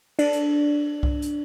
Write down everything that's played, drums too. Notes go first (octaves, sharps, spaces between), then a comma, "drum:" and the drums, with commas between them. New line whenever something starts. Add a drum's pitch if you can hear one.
D4, drum: cymbal
drum: hi-hat
drum: kick C2
drum: hi-hat